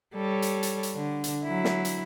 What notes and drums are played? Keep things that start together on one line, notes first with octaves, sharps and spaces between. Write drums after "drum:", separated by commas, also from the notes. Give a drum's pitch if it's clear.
G3 A4 C#5
drum: hi-hat
drum: hi-hat
drum: hi-hat
D3
drum: hi-hat
F#3 E4
drum: snare
drum: hi-hat